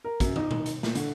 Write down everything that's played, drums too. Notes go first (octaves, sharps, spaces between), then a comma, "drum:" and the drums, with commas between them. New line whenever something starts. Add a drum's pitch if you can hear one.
A#4
F#2, drum: kick, hi-hat
D#4, drum: tom
drum: tom A#2
drum: hi-hat
A#2, drum: snare
D3, drum: hi-hat